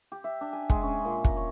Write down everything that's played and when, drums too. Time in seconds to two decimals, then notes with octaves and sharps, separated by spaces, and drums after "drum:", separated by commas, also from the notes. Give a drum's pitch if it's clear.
0.12 G4
0.24 E5
0.41 D4
0.53 G#5
0.70 G#3, drum: kick
0.83 C#4
1.05 A#2
1.25 A#4, drum: kick
1.37 C#5